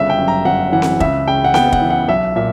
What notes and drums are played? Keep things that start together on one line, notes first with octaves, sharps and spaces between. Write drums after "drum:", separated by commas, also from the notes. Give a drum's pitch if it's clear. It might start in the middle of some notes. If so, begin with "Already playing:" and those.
Already playing: G1 C#3 G3 E5
G5
F#2
A#5
G1 F#5
E3 F#5
drum: snare C4
C#2 E5, drum: kick
C#3 G5
F#5
B3 G5, drum: snare C4
F#5, drum: kick
E3
F#5
B1 E5
A#2 E5